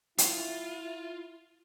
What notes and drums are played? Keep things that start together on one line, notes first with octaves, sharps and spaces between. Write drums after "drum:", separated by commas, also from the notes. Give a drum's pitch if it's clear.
E4 F4, drum: hi-hat